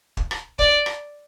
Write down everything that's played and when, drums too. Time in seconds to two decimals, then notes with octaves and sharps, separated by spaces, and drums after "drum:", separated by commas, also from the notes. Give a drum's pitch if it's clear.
0.17 drum: kick
0.31 drum: rim click
0.59 D5, drum: kick
0.86 drum: rim click